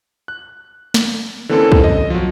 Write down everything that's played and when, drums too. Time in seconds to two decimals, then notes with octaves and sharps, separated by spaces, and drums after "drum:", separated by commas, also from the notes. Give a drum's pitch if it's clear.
0.28 F#6
0.94 drum: snare
1.49 D3 E3 A#3 C4 C#4 A4
1.72 drum: kick
1.84 D#5
2.10 F3 F#3